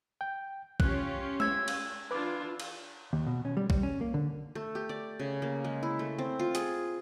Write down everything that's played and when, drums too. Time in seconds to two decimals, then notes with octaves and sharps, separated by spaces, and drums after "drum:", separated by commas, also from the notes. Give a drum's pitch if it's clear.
0.21 G5
0.80 C#4 F4 G4 F#6, drum: kick
1.40 E6 G#6, drum: tom G#3
1.68 drum: cymbal
2.11 E3 D4 F4 B4 D6
2.60 drum: cymbal
3.13 D#2
3.27 B2
3.45 C#4
3.57 G3
3.70 G3, drum: kick
3.83 C#4
4.01 A#3
4.14 D3
4.55 A3
4.75 G4
4.89 D5
5.20 C#3
5.42 A#3
5.65 G#3
5.83 E4
5.99 A3
6.18 C4
6.39 F4
6.55 G#4, drum: hi-hat